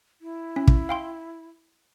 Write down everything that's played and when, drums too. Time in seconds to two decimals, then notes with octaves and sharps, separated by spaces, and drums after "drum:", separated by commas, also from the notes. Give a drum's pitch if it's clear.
0.21 E4
0.56 C#4
0.67 drum: kick
0.89 F5 G5 C6